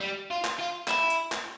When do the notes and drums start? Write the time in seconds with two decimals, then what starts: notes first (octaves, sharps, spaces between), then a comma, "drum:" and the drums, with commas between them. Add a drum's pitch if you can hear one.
0.01 G3
0.31 F4
0.45 drum: clap
0.59 F4
0.88 E4, drum: clap
1.10 drum: hi-hat
1.32 drum: clap